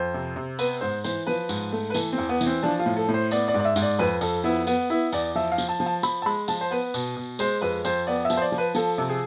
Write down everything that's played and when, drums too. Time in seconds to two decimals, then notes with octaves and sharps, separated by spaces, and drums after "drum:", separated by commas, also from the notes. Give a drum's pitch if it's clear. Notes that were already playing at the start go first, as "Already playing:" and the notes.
Already playing: F2 C5
0.14 C3
0.36 C3
0.59 B3 B4, drum: tambourine
0.81 G#2 C5
1.04 E3 C5, drum: tambourine
1.27 F3 B4
1.49 G#2, drum: tambourine
1.72 A3
1.90 B4
1.94 E3 A4, drum: tambourine
2.13 C4
2.18 E2
2.29 B3
2.41 E3, drum: tambourine
2.46 C4
2.63 F3 D4
2.79 F4
2.86 A2
2.97 A4
3.08 A2
3.14 C5
3.31 B3 D5, drum: tambourine
3.48 D5
3.54 G#2
3.60 D5
3.65 E5
3.76 G#2, drum: tambourine
3.82 D5
3.99 F2 B4
4.21 F2 A4, drum: tambourine
4.44 B3 E4
4.67 B3, drum: tambourine
4.90 B3 E4
5.12 E2 D5, drum: tambourine
5.35 F3 E5
5.52 F5
5.58 F3, drum: tambourine
5.69 A5
5.80 F3
5.86 A5
6.03 F3 B5, drum: tambourine
6.22 A5
6.26 G#3 B5
6.48 F3 A5, drum: tambourine
6.61 C5
6.71 B3 B4
6.94 B2, drum: tambourine
7.16 B2
7.39 G#3 C5, drum: tambourine
7.61 F2 B4
7.85 F2 C5, drum: tambourine
8.07 B3 D5
8.25 E5
8.30 F3, drum: tambourine
8.37 C5
8.42 D5
8.52 F3
8.58 B4
8.75 F3 A4, drum: tambourine
8.98 C3
9.10 G#4